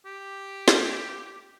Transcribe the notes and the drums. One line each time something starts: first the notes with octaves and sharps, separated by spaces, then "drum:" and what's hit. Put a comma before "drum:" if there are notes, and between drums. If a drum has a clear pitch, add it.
G4
drum: snare